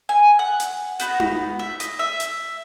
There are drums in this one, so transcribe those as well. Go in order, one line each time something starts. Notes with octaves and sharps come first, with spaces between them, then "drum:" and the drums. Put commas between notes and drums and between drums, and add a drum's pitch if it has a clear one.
G#5
F#5
drum: hi-hat
B3 D#4 F#4, drum: hi-hat
drum: tom D#4
E5
D#5, drum: hi-hat
E5
drum: hi-hat